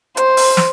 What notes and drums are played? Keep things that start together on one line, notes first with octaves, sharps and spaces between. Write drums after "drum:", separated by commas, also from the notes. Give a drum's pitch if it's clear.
C5, drum: hi-hat
drum: open hi-hat
drum: snare